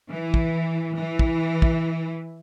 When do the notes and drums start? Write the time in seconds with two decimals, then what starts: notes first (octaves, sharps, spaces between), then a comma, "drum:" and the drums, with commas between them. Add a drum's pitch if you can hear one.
0.13 E3
0.34 drum: kick
0.98 E3
1.19 drum: kick
1.62 drum: kick